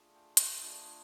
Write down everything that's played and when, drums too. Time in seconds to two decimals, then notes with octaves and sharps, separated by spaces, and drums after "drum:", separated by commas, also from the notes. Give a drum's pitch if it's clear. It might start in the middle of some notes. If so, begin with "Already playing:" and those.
Already playing: A3 D4 F4 G#4
0.15 G5
0.37 G#5, drum: hi-hat
0.61 A3 D4 F4 G#4 G#5